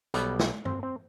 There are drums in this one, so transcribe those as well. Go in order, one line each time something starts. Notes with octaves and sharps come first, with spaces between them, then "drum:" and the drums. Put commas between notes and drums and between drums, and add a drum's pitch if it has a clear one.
B1 B2 G3 B3, drum: hi-hat
drum: snare
C4, drum: tom G2
C4